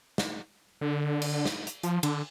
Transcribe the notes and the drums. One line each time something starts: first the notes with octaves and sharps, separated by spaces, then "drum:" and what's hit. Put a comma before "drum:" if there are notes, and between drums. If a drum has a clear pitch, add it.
drum: snare
D3
drum: cymbal
drum: snare
drum: hi-hat
F3, drum: hi-hat
D3, drum: cymbal